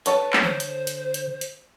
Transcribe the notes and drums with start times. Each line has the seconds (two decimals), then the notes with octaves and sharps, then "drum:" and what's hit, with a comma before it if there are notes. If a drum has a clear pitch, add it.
0.06 A4 B4 C#5 A5, drum: hi-hat
0.33 drum: clap
0.43 D3 C5
0.60 drum: hi-hat
0.87 drum: hi-hat
1.14 drum: hi-hat
1.41 drum: hi-hat